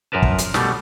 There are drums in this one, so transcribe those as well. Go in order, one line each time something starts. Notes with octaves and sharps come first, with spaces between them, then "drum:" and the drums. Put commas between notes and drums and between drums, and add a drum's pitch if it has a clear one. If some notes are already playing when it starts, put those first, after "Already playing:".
F#2 F3 A#4 B4 A5
drum: kick
drum: hi-hat
B2 G3 A3 B3, drum: snare